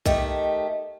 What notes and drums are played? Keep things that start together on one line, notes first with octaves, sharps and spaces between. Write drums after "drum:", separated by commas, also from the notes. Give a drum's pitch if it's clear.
D#3 A3 G4, drum: kick B1